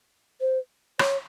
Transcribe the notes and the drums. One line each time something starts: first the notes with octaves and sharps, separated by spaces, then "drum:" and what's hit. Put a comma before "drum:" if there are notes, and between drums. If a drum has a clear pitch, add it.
C5
C#5, drum: rim click